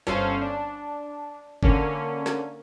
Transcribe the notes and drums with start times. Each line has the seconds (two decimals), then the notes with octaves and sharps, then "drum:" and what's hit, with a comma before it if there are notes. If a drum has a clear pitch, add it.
0.07 G1 C#4 A4 C5 F5, drum: snare
0.41 D4
1.63 D3 A#3 C#4, drum: kick F#1
2.26 drum: snare